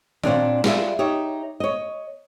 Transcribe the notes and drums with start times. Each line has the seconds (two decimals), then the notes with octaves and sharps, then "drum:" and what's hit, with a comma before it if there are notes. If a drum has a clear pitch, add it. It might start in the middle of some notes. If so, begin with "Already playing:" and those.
0.24 A#2 A#3 C4 D4 C#5 D5, drum: tom D#3
0.64 G3 F4 G#4 A4 D5 E5, drum: snare
0.99 D#4 G4 C#5 E5
1.60 C#5 D#5